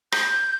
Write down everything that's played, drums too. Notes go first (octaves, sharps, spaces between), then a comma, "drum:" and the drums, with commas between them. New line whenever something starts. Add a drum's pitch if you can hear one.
G6, drum: rim click